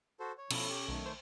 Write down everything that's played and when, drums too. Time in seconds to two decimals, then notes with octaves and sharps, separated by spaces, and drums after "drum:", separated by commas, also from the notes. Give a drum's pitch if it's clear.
0.20 F#4 A4 C5
0.38 C#5
0.51 B2 F3 C#4 E4 A4, drum: cymbal
0.69 G4
0.88 B1 D#3 A3
1.06 C5